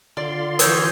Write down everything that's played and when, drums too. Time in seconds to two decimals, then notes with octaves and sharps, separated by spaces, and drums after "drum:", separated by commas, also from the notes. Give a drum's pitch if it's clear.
0.17 D3 F4 D5 C6
0.59 E3 F#4 C#5 D#6 E6 G6 G#6, drum: hi-hat